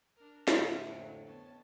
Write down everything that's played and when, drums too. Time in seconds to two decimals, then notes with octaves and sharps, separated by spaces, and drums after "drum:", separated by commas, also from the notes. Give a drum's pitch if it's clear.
0.17 D4 A#4
0.48 F2 A2 D3 A#3 D#4 E5, drum: snare
0.87 F2 F#3
1.27 B3 C#4 A5